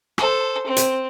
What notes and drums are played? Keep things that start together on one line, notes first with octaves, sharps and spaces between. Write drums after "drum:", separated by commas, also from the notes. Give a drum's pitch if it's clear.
A4 C5, drum: rim click
C4
drum: hi-hat